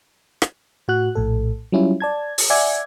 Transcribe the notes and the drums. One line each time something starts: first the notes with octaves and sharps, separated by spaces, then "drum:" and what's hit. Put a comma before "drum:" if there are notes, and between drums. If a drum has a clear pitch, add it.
drum: rim click
A2 F#4 F#6
A#1 A2 A4
F#3 G3 C#4 E4 F4
D5 A5 G#6
drum: open hi-hat
D5 E5 F#5 G#5 D6 G#6